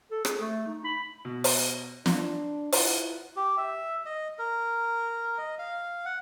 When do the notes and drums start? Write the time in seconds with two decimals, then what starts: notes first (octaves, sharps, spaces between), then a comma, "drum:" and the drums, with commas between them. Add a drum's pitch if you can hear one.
0.11 A4
0.25 G#4, drum: rim click
0.41 A3
0.67 D#4
0.84 B5
1.25 B2
1.44 drum: open hi-hat
2.06 D4 C6, drum: snare
2.72 E4 F4 B4 F#5, drum: open hi-hat
3.36 G4
3.57 E5
4.06 D#5
4.39 A#4
5.38 D#5
5.59 F5
6.05 F#5